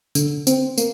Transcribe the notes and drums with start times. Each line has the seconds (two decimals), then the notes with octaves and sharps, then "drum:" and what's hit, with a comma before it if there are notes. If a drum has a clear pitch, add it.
0.15 D3, drum: tambourine
0.47 C4, drum: tambourine
0.78 A#3, drum: tambourine